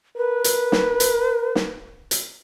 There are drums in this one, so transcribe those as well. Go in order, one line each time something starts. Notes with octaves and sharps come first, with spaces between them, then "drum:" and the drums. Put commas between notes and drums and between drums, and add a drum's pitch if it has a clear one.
A#4 B4
drum: hi-hat
drum: snare
drum: hi-hat
drum: snare
drum: hi-hat